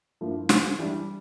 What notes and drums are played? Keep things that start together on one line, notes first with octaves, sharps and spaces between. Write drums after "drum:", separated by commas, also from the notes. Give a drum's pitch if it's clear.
G2 F3 A#3 E4
C#3, drum: snare
E3 G3 D4 G4